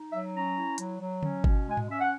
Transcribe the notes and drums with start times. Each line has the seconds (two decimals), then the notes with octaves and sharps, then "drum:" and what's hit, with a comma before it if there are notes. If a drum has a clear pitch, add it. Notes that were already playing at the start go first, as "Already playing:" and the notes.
Already playing: D#4
0.11 F#3 E5
0.34 C#4 A#5
0.57 E4
0.78 F#3, drum: hi-hat
1.00 F#3
1.23 C#4, drum: tom D3
1.44 B2, drum: kick G1
1.67 G#3 G#5
1.77 drum: tom G#2
1.89 C#4 E5
2.01 F#5